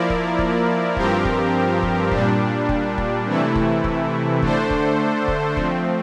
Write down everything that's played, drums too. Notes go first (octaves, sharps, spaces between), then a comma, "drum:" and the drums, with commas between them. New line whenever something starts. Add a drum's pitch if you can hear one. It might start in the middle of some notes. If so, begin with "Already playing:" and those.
Already playing: F3 A#3 E4 A#4 D5
drum: kick
drum: kick
G2 F3 C4 G4 A#4, drum: kick
drum: kick
drum: kick
A#2 G3 D4, drum: kick
drum: kick
drum: kick
C3 E3 A3 E4
drum: kick
drum: kick
D3 A3 D4 A4 C5, drum: kick
drum: kick
drum: kick
F3 A3 C4, drum: kick